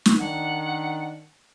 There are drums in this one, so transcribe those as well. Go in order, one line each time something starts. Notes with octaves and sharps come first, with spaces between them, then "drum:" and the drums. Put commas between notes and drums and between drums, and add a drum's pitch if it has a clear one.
drum: snare
D#3 D4 F#5